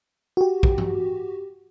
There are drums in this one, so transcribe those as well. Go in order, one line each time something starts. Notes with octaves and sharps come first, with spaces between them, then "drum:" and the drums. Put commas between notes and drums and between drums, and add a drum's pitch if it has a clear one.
F#4 G4
drum: kick
drum: tom G2